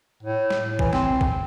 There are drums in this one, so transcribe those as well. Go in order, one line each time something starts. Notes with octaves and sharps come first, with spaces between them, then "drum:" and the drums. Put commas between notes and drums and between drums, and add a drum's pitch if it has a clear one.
A2
drum: snare
E3, drum: kick A#1
C4, drum: snare
drum: kick A#1